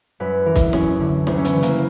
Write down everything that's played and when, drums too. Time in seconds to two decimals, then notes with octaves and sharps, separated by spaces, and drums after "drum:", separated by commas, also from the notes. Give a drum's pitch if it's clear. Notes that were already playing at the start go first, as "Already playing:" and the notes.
0.20 F#2 B4
0.46 E3 A#4
0.55 drum: kick C2, hi-hat
0.73 F#2 C#4, drum: snare
1.00 D3
1.27 D2, drum: snare
1.38 C#4
1.45 B3, drum: hi-hat
1.53 C#3 E3
1.62 A#3, drum: hi-hat